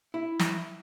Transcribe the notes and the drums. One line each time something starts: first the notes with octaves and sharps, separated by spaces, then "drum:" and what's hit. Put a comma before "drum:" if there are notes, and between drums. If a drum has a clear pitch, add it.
E4
drum: snare